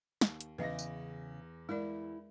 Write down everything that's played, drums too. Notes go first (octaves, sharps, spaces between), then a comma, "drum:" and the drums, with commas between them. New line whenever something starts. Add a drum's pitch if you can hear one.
D#2, drum: snare
drum: hi-hat
E2 C#3 B4 D#5 E5 A#6
drum: tambourine
G#3 E4 A#4 D5